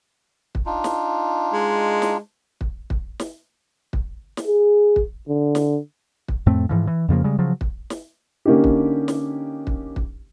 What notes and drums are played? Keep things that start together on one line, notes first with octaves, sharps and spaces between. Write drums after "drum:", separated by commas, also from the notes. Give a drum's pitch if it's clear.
drum: kick
D4 D#4 F4
drum: snare
G#3
drum: snare
drum: kick
drum: kick
drum: snare
drum: kick
drum: snare
G#4
drum: kick
D3
drum: snare
drum: kick
F2 A2 A3 C4
G#2 E3 F3
E3
F2 C#3 F3 A#3
C#3 G3 G#3
C#3 F3 F#3
drum: kick
drum: snare
D3 A#3 C#4 D#4 G4
drum: kick
drum: snare
drum: kick
drum: kick